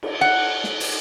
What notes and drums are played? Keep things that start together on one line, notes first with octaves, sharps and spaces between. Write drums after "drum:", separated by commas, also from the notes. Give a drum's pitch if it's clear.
drum: cymbal
F#5
drum: snare
drum: open hi-hat